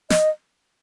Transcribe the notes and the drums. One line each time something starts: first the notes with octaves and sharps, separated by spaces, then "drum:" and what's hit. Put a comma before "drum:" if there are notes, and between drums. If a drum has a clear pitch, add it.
D#5, drum: snare